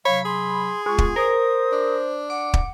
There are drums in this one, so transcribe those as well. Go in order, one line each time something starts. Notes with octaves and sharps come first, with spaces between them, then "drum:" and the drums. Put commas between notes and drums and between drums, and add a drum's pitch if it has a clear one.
C3 F#3 C#5 F5 B5
G#4 C6
G#3 B3 F4 C#6
drum: kick
A#4 C5 D#6
D4
F#5 D6
drum: kick